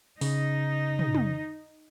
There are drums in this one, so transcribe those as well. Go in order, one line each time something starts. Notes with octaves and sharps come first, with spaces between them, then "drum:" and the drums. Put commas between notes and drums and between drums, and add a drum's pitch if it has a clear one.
C#3 D#4, drum: open hi-hat
drum: tom
drum: tom